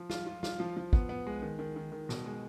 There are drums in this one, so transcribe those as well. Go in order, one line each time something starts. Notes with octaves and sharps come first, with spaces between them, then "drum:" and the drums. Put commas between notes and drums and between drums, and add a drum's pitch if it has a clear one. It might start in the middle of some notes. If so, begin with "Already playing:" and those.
Already playing: F3
F4, drum: snare
F4
F4, drum: snare
F3
F3
B3, drum: kick
B3
G#3
D#3
D#3
D#3
D#3
B2, drum: snare
G#3